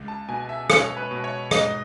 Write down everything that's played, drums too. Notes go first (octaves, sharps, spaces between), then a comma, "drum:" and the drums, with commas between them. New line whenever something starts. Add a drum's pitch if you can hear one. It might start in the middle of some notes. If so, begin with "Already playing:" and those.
Already playing: C#2
A5
B2 G#5
E5
B2 C#5, drum: rim click
B4
B2
C#5
G#2 D#5, drum: rim click